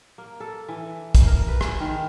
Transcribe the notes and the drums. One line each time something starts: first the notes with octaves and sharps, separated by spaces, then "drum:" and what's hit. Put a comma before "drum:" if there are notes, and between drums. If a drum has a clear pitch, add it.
A#3
A4
E3
drum: kick, hi-hat
A#4
B4
G#4, drum: rim click
D#3